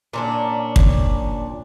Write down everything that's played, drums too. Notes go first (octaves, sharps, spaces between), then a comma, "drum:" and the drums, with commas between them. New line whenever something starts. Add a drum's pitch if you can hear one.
A#2 C#4 D4
drum: kick